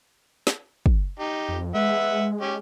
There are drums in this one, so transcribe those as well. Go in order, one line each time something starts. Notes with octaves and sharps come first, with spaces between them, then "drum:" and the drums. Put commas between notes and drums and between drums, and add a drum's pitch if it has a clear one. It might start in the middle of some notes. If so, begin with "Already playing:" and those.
drum: snare
drum: kick
D#4 G4
F2
G#3 B4 E5 F#5
C#4 G4